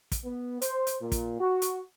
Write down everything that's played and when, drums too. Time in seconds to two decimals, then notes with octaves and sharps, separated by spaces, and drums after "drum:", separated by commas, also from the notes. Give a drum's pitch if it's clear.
0.12 drum: kick, hi-hat
0.25 B3
0.62 C5, drum: hi-hat
0.87 drum: hi-hat
1.02 A#2
1.12 drum: kick, hi-hat
1.40 F#4
1.62 drum: hi-hat